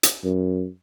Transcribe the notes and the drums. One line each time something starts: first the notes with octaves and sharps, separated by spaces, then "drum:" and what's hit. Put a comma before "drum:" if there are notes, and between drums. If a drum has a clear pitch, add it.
drum: hi-hat
F#2